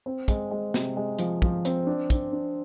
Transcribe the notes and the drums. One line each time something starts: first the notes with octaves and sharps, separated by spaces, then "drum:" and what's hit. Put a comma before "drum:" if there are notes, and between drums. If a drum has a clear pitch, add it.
C4
G#3, drum: kick, hi-hat
G#3
C3, drum: snare
G#3
F3, drum: hi-hat
F3, drum: kick
C4, drum: hi-hat
D4
D4, drum: kick, hi-hat
D4